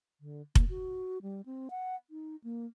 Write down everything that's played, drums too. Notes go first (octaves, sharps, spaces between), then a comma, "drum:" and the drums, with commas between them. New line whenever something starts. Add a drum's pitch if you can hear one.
D3
A#3, drum: kick F1
F#4
G3
C4
F#5
D#4
A#3